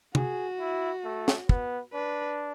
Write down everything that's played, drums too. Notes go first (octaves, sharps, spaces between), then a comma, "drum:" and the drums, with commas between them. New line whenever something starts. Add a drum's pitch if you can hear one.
F#4 G#4, drum: tom
E4
A3
drum: snare
B3, drum: kick
D4 B4